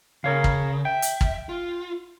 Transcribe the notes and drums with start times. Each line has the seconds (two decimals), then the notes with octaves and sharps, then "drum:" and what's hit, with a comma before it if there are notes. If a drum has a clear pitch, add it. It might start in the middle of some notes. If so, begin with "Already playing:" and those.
0.24 C#3 A#4 C#5 F5
0.44 drum: kick
0.85 E5 G5
1.02 drum: hi-hat
1.21 drum: kick
1.49 F4